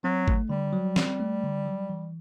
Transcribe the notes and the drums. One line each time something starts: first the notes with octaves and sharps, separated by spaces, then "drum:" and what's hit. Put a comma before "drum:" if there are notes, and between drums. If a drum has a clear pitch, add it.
F#3 C4
A3, drum: kick G#1
D3 G3
F#3
C4, drum: snare
A3
D3
F#3
E3